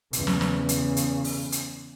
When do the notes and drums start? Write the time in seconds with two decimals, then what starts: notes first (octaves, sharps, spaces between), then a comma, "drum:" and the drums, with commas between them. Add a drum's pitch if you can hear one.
0.13 E2 C#3, drum: hi-hat
0.27 drum: snare
0.41 drum: snare
0.69 drum: hi-hat
0.97 drum: hi-hat
1.24 drum: open hi-hat
1.52 drum: hi-hat